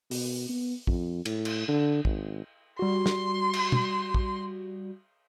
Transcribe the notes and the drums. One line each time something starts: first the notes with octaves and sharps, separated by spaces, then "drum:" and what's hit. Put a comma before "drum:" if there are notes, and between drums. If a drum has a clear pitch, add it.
B2, drum: open hi-hat
B3
F2, drum: kick
A2, drum: cymbal
drum: cymbal
D3
G#1, drum: kick
G3 F#4 C6
drum: snare
drum: cymbal
drum: tom
drum: kick